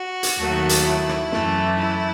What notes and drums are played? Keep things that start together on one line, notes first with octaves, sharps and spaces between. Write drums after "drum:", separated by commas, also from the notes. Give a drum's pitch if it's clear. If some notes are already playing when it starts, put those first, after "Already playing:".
Already playing: F#4
drum: hi-hat
D#2 D#3 F#3 A3
drum: hi-hat
E4
drum: rim click
F#2 E3 A3, drum: snare
E4